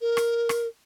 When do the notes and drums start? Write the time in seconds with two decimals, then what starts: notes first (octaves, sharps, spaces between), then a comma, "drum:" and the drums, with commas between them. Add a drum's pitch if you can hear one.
0.01 A#4
0.17 drum: rim click
0.49 drum: rim click